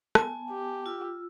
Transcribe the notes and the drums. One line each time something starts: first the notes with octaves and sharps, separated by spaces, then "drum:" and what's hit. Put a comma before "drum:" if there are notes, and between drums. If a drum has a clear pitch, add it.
B3 G#5 A5, drum: rim click
G4
F4 E6